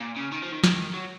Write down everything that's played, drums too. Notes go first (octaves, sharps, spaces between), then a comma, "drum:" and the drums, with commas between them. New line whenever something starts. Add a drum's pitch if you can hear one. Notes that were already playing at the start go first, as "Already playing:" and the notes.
A#2
C#3
D#3
F3
D#3
D#3, drum: snare
F#3